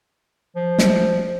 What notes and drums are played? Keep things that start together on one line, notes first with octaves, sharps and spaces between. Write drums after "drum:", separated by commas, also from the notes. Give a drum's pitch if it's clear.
F3
drum: snare